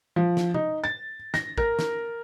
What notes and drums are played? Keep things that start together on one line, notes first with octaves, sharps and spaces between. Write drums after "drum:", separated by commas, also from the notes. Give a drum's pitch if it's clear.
F3
drum: snare
D#4, drum: tom C3
A6
A#6, drum: snare
A#4, drum: kick
drum: snare